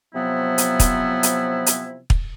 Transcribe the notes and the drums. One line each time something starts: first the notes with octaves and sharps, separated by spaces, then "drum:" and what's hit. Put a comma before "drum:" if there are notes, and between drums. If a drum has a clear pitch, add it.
C3 F3 F#3 B3 E4
drum: hi-hat
drum: kick, hi-hat
drum: hi-hat
drum: hi-hat
drum: kick